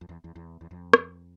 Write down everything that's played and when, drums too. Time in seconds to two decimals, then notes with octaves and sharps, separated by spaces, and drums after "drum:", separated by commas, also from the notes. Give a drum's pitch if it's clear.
0.01 F2
0.09 E2
0.24 E2
0.36 E2
0.61 E2
0.71 F2
0.93 drum: rim click